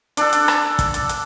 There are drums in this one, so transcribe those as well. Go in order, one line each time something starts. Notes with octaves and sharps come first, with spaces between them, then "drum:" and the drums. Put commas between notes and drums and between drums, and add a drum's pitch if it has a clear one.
D4 A4, drum: hi-hat
drum: hi-hat
drum: rim click
drum: kick, hi-hat
drum: hi-hat
drum: hi-hat